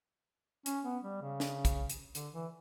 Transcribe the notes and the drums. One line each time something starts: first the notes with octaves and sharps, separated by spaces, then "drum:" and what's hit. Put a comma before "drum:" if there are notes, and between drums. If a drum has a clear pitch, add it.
C#4, drum: hi-hat
B3
G3
C#3
drum: snare
drum: kick, hi-hat
drum: hi-hat
D3, drum: hi-hat
E3